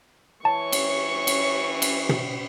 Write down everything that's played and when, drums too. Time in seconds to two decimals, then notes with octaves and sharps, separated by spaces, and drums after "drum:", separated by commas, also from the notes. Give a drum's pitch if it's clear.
0.45 E3 C#5 A5 C#6
0.72 drum: cymbal
1.27 drum: cymbal
1.82 drum: cymbal
2.09 drum: tom